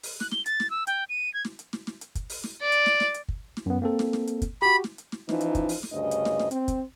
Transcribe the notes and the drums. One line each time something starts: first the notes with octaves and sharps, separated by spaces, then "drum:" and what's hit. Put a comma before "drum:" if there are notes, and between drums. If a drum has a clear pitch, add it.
drum: open hi-hat
F#6, drum: snare
G7, drum: snare
A6, drum: hi-hat
drum: snare
E6
G5, drum: hi-hat
D#7
G#6
drum: snare
drum: hi-hat
drum: snare
drum: snare
drum: hi-hat
drum: kick, hi-hat
drum: open hi-hat
drum: snare
D5
drum: hi-hat
drum: snare
drum: snare
drum: hi-hat
drum: kick
drum: snare
F#2 B3
A#3 C4 A4
drum: snare
drum: snare
drum: hi-hat
drum: kick, hi-hat
F#4 G4 B5
drum: snare
drum: hi-hat
drum: snare
E3 F3 C#4 D#4, drum: snare
drum: hi-hat
drum: kick, hi-hat
drum: open hi-hat
drum: snare
D2 G2 C#3 C#4 D#5
drum: hi-hat
drum: snare
drum: snare
C4, drum: hi-hat
drum: kick, hi-hat